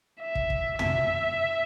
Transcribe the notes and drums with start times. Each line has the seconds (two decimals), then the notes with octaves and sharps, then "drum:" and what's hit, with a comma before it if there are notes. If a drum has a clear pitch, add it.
0.21 E5
0.35 drum: kick
0.50 drum: kick
0.79 E5, drum: tom